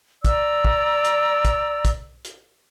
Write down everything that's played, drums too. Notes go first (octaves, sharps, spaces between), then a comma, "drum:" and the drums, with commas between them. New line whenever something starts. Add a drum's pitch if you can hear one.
D5 A#5 E6, drum: kick, hi-hat
drum: kick
drum: hi-hat
drum: kick, hi-hat
drum: kick, hi-hat
drum: hi-hat